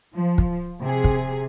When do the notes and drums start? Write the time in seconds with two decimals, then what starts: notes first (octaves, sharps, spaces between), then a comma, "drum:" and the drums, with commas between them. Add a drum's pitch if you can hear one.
0.14 F3
0.38 drum: kick
0.82 C3 G#4
1.04 drum: kick